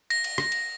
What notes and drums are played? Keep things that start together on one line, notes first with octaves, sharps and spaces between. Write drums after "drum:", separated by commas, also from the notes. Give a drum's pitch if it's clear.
A#6, drum: cymbal
drum: cymbal
drum: rim click
drum: cymbal